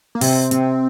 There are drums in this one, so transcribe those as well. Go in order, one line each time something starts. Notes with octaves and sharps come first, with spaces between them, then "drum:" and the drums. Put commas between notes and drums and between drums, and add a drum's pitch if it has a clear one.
A#3
C3 C4, drum: open hi-hat
C3, drum: hi-hat